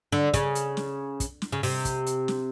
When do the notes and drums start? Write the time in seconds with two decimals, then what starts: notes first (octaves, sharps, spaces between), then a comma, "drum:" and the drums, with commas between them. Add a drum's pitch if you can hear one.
0.12 D3
0.34 C#3, drum: kick, hi-hat
0.55 drum: hi-hat
0.77 drum: snare
1.20 drum: kick, hi-hat
1.42 drum: snare
1.52 C#3
1.63 C3, drum: open hi-hat
1.85 drum: kick, hi-hat
2.06 drum: hi-hat
2.28 drum: snare